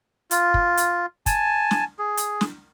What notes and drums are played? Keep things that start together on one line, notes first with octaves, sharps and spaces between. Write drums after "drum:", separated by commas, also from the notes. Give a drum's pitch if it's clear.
F4, drum: hi-hat
drum: kick
drum: hi-hat
G#5 A5, drum: kick, hi-hat
drum: snare
G#4
drum: hi-hat
drum: snare